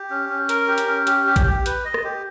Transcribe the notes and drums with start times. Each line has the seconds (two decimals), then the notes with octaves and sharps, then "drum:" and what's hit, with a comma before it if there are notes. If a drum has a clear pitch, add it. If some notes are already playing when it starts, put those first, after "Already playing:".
Already playing: G4
0.10 C#4
0.29 C#4
0.49 A#4, drum: hi-hat
0.68 G4
0.78 drum: hi-hat
0.87 C#4
1.07 G4, drum: hi-hat
1.27 G4
1.36 drum: kick A#1, hi-hat
1.46 G4
1.66 B4, drum: hi-hat
1.85 D#5
1.94 drum: rim click
2.04 G4